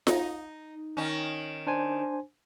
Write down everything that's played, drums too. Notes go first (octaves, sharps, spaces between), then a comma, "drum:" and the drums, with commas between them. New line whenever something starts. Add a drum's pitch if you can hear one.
D#4, drum: snare F4
D#3 C#4
D4 C5 G#5